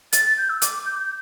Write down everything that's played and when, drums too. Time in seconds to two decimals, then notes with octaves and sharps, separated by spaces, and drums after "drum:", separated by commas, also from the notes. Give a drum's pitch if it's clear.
0.13 A6, drum: hi-hat
0.25 A6
0.38 G6
0.49 E6
0.62 D6, drum: hi-hat
0.86 G6
0.99 G6